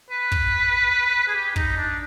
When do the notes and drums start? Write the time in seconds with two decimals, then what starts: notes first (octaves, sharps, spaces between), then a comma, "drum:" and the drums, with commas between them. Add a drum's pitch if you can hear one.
0.10 B4
0.32 drum: kick
1.29 G#4
1.35 G4
1.56 D#4, drum: kick
1.77 D4